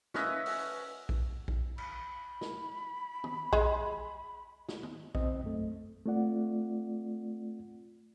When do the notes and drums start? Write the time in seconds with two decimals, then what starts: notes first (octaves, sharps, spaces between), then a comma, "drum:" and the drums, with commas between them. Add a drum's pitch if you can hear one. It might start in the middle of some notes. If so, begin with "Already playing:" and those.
0.14 C#4 B4 D#5 E5, drum: snare
0.46 drum: open hi-hat
1.09 drum: kick A#1
1.48 drum: kick A#1
1.78 B5, drum: cymbal
2.41 drum: snare
3.24 drum: tom
3.53 G#3, drum: kick A#1
4.68 drum: snare
4.83 drum: tom
5.15 D2 C4 D#5, drum: kick A#1
5.44 F#2 A3
6.06 A3 C4 F4 D5 F#5